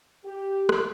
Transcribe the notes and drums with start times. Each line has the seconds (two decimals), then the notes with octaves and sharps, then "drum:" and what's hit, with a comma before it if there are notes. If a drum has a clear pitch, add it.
0.25 G4
0.69 drum: rim click